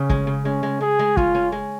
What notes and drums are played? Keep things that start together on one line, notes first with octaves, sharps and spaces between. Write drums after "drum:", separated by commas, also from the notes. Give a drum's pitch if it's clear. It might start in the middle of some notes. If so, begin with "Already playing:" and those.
Already playing: C#3 C#4
G#3, drum: kick
C#3
G#3 C#4
G#3
G#3 G#4
G#3
C#4 F4, drum: kick
C#4
G#3